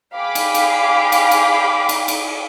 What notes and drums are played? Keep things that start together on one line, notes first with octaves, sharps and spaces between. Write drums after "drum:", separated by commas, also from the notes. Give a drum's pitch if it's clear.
G#4 F5 G5 B5 D6
drum: cymbal
drum: cymbal
drum: cymbal
drum: cymbal
drum: cymbal
drum: cymbal